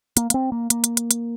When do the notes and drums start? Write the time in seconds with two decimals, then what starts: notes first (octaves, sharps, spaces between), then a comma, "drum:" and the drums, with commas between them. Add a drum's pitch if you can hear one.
0.17 A#3, drum: hi-hat
0.30 A#3, drum: hi-hat
0.34 C4
0.52 A#3
0.70 A#3, drum: hi-hat
0.84 drum: hi-hat
0.97 drum: hi-hat
1.11 drum: hi-hat